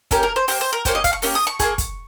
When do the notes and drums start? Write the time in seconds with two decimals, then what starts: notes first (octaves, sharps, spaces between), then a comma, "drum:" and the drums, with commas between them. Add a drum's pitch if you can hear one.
0.11 A#3 C#4 G4 A#4, drum: kick, hi-hat
0.23 A#4
0.36 C5
0.48 A#3 C#4 G4 C5, drum: open hi-hat
0.61 C5
0.73 A#4
0.85 A#3 C#4 G4 C5, drum: kick, hi-hat
0.95 D#5
1.04 F5, drum: kick, hi-hat
1.13 C#6
1.22 A#3 C#4 G4, drum: open hi-hat
1.35 D#6
1.47 C#6
1.60 A#3 F4 G#4 C#6, drum: kick, hi-hat
1.78 drum: kick, hi-hat